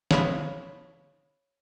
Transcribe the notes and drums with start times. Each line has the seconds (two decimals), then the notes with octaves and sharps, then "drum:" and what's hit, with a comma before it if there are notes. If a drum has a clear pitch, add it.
0.11 C#5 F5 A5 B5 C6 D#6, drum: snare